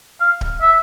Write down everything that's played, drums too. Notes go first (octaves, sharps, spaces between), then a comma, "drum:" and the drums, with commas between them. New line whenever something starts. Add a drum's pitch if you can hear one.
F5
drum: kick D1
E5